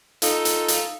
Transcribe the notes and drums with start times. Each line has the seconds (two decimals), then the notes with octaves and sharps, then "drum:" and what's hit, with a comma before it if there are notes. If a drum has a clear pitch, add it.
0.22 D#4 F4 A4, drum: hi-hat
0.45 drum: hi-hat
0.68 drum: hi-hat